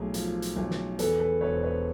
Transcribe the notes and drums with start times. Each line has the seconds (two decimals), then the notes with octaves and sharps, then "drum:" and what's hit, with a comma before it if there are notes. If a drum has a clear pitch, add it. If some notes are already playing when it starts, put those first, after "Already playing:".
Already playing: B1 A2 G#4
0.14 F3, drum: hi-hat
0.42 drum: hi-hat
0.56 B1
0.71 drum: snare
0.99 E2 A4 B4, drum: hi-hat
1.20 A4 B4
1.41 E1 B4 C#5
1.52 C5
1.63 B4 C#5